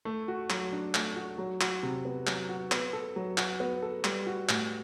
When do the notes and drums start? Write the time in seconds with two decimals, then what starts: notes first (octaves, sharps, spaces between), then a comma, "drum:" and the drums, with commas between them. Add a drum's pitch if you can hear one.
0.05 A3
0.28 F#4
0.50 F#3, drum: clap
0.72 D4
0.94 A3, drum: clap
1.16 F#4
1.38 F#3
1.61 F#4, drum: clap
1.83 C3
2.05 B3
2.27 F#3, drum: clap
2.49 F#4
2.72 B3, drum: clap
2.93 A4
3.16 F#3
3.38 F#4, drum: clap
3.60 B3
3.82 A4
4.04 G3, drum: clap
4.27 F#4
4.49 A2, drum: clap